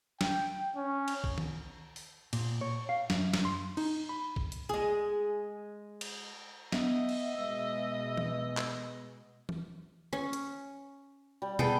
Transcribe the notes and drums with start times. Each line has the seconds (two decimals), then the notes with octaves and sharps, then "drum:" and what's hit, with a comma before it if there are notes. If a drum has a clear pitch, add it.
0.21 G5, drum: snare
0.76 C#4
1.08 drum: cymbal
1.24 drum: kick A1
1.38 drum: tom D#3
1.96 drum: open hi-hat
2.33 A#2, drum: cymbal
2.61 C#5
2.89 F5
3.10 F#2, drum: snare
3.34 drum: snare
3.45 C6
3.77 D#4, drum: cymbal
4.09 B5
4.36 drum: kick A1
4.52 drum: hi-hat
4.69 G#3 G#4
6.01 drum: cymbal
6.72 B3 D#5 E5, drum: snare
7.09 drum: cymbal
7.35 B2 G#3 B3 E6
8.17 drum: tom E3
8.57 drum: clap
9.49 drum: tom E3
10.13 C#4
10.33 drum: hi-hat
11.42 G3
11.59 B3 G#4 A4 G5, drum: tom